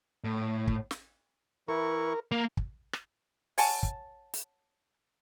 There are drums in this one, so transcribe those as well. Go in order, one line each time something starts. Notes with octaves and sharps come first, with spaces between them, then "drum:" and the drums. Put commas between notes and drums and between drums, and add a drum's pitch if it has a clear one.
A2
drum: kick
drum: snare
E3 E4 A#4 C#6
A#3 A#5
drum: kick
drum: rim click
C#5 F#5 G#5 A5, drum: open hi-hat
drum: kick
drum: hi-hat